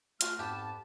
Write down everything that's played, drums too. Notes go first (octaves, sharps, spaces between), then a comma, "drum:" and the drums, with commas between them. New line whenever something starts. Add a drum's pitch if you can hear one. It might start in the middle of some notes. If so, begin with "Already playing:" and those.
G#3 A3 F4 F#4 G#4 F6, drum: hi-hat
F2 G#2 B3 G4 A5 B5